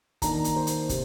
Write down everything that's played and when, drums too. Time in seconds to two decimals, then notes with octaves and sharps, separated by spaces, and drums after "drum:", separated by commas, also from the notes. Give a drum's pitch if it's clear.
0.22 D#3 A#3 D4 A#5, drum: kick, hi-hat
0.44 drum: hi-hat
0.56 C5
0.67 drum: hi-hat
0.89 C3, drum: kick, hi-hat